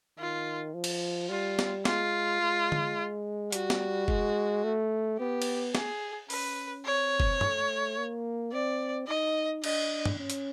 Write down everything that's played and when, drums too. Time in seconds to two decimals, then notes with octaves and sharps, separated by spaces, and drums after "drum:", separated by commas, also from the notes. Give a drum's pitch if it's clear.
0.19 D#3 F4
0.74 F3
0.84 drum: cymbal
1.30 G3 F4
1.59 drum: snare
1.85 G#3 F4, drum: snare
2.42 G#3
2.72 drum: tom D3
3.52 G3 F#4, drum: hi-hat
3.70 drum: snare
4.08 G#3, drum: kick F#1
4.64 A3
5.19 B3 G4
5.42 drum: cymbal
5.75 G#4, drum: snare
6.30 C#4 B4, drum: open hi-hat
6.86 C4 C#5
7.20 drum: kick F#1
7.41 A3, drum: tom
7.98 A#3
8.53 C4 D5
9.08 D#4 D#5
9.64 D4 D#5, drum: cymbal
10.05 drum: tom
10.19 C#4
10.30 drum: hi-hat